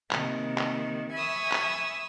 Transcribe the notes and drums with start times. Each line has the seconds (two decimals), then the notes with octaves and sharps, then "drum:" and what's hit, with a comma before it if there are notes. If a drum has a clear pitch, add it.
0.11 C3 D#3 A#3, drum: clap
0.58 drum: clap
1.13 E5 G#5 B5 C#6 D#6 E6
1.52 drum: clap